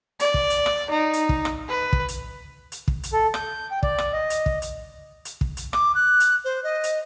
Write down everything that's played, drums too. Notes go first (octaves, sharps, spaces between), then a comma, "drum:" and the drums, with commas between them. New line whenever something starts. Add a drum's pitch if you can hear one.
D5, drum: hi-hat
drum: kick
drum: hi-hat
drum: rim click
D#4
drum: hi-hat
drum: kick
drum: rim click
B4
drum: kick
drum: hi-hat
drum: hi-hat
drum: kick
drum: hi-hat
A4
G6, drum: rim click
G5
D5, drum: kick
drum: rim click
D#5
drum: hi-hat
drum: kick
drum: hi-hat
drum: hi-hat
drum: kick
drum: hi-hat
D6, drum: rim click
F#6
drum: hi-hat
C5
D#5
drum: hi-hat